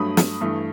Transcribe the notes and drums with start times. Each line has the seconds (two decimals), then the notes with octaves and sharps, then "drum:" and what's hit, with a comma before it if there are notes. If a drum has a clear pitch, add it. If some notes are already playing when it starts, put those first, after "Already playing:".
Already playing: G2 F#3 A3 B5 D#6
0.17 drum: snare
0.41 G2 E3 A3